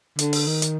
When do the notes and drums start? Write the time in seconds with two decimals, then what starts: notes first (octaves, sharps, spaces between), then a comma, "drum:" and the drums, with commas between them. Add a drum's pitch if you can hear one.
0.19 D3, drum: hi-hat
0.33 drum: open hi-hat
0.47 D#3
0.62 drum: hi-hat